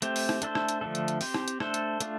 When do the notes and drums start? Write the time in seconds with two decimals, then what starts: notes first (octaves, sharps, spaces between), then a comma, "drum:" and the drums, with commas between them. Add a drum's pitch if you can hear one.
0.02 A3 C4 G4 C5, drum: hi-hat
0.16 drum: open hi-hat
0.29 drum: rim click
0.42 A3 D4 A4 C5, drum: hi-hat
0.55 drum: rim click
0.69 drum: hi-hat
0.81 D3 F3 A3 D4 A4
0.95 drum: hi-hat
1.08 drum: hi-hat
1.21 C4 G4 C5, drum: open hi-hat
1.34 drum: rim click
1.48 drum: hi-hat
1.60 A3 D4 A4 C5, drum: rim click
1.74 drum: hi-hat
2.00 A3 D4 F4, drum: hi-hat